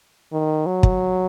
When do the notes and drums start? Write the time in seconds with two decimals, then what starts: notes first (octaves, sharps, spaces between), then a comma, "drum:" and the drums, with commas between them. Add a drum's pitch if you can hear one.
0.32 D#3
0.66 F#3
0.83 drum: kick